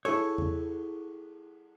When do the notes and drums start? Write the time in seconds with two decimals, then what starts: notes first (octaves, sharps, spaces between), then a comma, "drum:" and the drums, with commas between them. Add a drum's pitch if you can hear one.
0.05 E4 G#4 A4 C#5, drum: cymbal
0.38 drum: tom E2